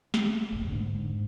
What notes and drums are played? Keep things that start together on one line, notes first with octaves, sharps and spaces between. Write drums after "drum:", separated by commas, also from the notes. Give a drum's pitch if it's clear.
A3, drum: snare
F1 A#1 A#2
G#2 D3
G#2